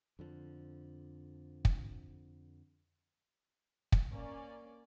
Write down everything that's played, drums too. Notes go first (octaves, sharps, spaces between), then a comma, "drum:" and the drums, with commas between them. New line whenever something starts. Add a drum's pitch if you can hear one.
F2 D3 F3
drum: kick
drum: kick
A#3 C#4 D5